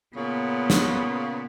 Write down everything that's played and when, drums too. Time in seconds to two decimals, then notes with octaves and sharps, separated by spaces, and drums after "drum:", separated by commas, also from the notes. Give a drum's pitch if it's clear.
0.16 A#2 C#3 B3
0.70 drum: snare